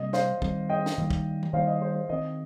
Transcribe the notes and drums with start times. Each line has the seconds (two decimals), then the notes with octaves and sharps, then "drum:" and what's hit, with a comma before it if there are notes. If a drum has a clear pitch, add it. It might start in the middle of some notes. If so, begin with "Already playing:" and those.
Already playing: C3 G3 A#3 D#5
0.13 C5 F5, drum: snare
0.42 D#3 G3 C4, drum: kick
0.69 D#5 G5
0.86 drum: snare
0.98 D#3 G3 A#3
1.11 drum: kick
1.43 drum: tom D#3
1.53 D#3 G3 A#3 C5 F5
1.67 D#5
1.81 C5
1.95 C5
2.09 D#3 C4 D#5